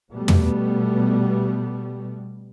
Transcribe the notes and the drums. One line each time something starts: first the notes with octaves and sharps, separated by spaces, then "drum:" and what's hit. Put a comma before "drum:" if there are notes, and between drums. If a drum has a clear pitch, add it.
B2 G3 A3 B3
drum: tom